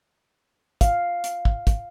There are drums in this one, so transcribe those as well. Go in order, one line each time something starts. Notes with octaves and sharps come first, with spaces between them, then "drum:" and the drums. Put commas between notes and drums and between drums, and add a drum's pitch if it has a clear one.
F5, drum: kick, hi-hat
drum: hi-hat
drum: kick
drum: kick, hi-hat